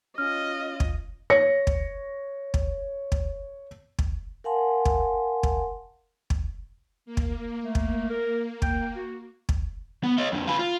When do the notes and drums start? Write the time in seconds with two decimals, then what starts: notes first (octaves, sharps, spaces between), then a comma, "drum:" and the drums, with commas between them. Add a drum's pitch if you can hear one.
0.18 C#4 F4 D#5 F6
0.80 drum: kick
1.30 C#5 A#6 C#7
1.67 drum: kick
2.54 drum: kick
3.12 drum: kick
3.99 drum: kick
4.44 A#4 F5 F#5 G#5 A5 C6
4.85 drum: kick
5.43 drum: kick
6.30 drum: kick
7.06 A#3
7.17 drum: kick
7.62 A3
7.75 drum: kick
8.10 A#4
8.62 G5, drum: kick
8.96 F#4
9.49 drum: kick
10.04 B3
10.18 C#5 D#5
10.33 F2 D3
10.47 F4 B4
10.59 F4